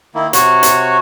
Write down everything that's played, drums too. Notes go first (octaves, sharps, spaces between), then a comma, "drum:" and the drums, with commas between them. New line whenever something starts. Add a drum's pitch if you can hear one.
D#3 A#3 E4
C3 F#4 C#5, drum: hi-hat
drum: hi-hat